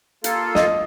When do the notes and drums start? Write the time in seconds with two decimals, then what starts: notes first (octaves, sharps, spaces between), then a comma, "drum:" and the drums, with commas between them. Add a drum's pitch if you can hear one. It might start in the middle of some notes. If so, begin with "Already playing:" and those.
0.24 A#3 F4 A4, drum: hi-hat
0.55 D#5, drum: snare